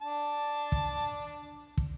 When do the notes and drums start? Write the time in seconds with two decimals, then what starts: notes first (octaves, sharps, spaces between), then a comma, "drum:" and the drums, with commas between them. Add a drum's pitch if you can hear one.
0.02 D4 A5
0.72 drum: kick
1.78 drum: kick